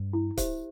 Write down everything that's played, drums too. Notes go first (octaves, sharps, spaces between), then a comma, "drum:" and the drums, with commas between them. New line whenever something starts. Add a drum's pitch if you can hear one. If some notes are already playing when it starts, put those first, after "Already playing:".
Already playing: G2
E4
G4 C5 E5, drum: kick C#1, hi-hat